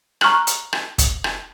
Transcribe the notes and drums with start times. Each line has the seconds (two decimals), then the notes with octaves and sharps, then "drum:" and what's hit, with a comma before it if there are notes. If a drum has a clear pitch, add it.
0.21 A#5 C#6 F6 F#6 F#7, drum: rim click
0.47 drum: hi-hat
0.73 drum: rim click
0.98 drum: kick, hi-hat
1.24 drum: rim click